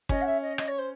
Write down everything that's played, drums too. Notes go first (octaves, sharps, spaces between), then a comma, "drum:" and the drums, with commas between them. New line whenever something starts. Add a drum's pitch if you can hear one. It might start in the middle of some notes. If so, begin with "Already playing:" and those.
C#4 D#5, drum: kick
F#5
E5
D#5
D#5, drum: rim click
C#5
C5